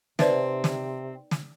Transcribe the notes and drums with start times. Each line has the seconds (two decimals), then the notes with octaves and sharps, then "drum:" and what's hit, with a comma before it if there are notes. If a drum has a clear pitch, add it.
0.19 C3 C4 D#4 B4 D5 E5, drum: snare
0.64 drum: snare
1.31 drum: snare